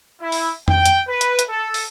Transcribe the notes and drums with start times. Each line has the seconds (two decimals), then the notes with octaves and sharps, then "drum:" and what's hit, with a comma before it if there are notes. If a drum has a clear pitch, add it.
0.22 E4
0.32 drum: open hi-hat
0.68 G5, drum: tom F2
0.85 drum: hi-hat
1.08 B4
1.21 drum: hi-hat
1.39 drum: hi-hat
1.49 A4
1.74 drum: open hi-hat